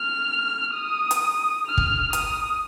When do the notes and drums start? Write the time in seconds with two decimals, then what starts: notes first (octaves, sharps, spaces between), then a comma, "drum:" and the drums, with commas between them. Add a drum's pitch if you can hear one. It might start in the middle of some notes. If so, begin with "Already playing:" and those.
Already playing: F6
0.74 D#6
1.11 drum: hi-hat
1.67 F6
1.77 drum: kick
2.13 D#6, drum: hi-hat